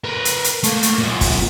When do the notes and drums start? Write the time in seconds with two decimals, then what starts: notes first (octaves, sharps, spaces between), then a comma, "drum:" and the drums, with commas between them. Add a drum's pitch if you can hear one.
0.04 A#4 B4
0.25 drum: hi-hat
0.44 drum: hi-hat
0.63 A3 A#3, drum: hi-hat
0.83 drum: hi-hat
0.99 F#2 A#2
1.21 drum: kick, open hi-hat